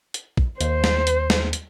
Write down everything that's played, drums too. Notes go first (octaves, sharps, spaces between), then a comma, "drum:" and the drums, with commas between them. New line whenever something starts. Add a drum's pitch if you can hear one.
drum: hi-hat
drum: kick
D#2 C5, drum: hi-hat
drum: snare
drum: hi-hat
drum: snare
drum: hi-hat